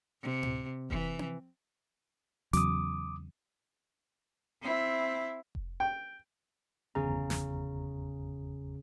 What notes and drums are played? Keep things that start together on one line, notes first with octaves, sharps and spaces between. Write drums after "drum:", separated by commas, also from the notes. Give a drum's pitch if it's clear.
C3
drum: tom A2
E3, drum: kick F1
drum: tom C4
E2 C#3 F#3 D6 D#6, drum: hi-hat
C4 E4
drum: kick F1
G5
G1 E2 C#3 A#5
drum: snare